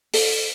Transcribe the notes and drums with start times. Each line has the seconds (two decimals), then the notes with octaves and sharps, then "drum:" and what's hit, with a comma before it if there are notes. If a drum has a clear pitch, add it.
0.14 A4, drum: open hi-hat